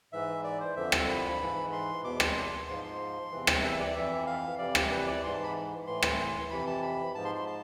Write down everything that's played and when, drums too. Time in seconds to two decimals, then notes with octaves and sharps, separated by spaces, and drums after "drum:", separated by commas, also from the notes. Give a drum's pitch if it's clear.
0.12 G#2 E3 E5
0.44 D5
0.60 C5
0.76 F2 D3 F3 E5
0.92 drum: rim click
1.08 B5
1.40 G#2 E3
1.72 C6
2.03 E2 B2 D6
2.20 C6, drum: rim click
2.67 G#2 F3 C6
2.84 C6
3.31 E2 C3 E3
3.47 drum: rim click
3.63 E5
3.79 D5
3.95 F2 E3 E5
4.26 F5
4.58 F2 C3 E3 D5
4.75 drum: rim click
4.91 B4
5.07 D5
5.23 G#2 E3 C6
5.34 A5
5.43 B5
5.87 A2 E3 C6
6.02 drum: rim click
6.50 F2 C3 E3 B5
6.67 A5
6.82 B5
7.15 G#2 F3 A5
7.25 C6
7.35 C6
7.46 A5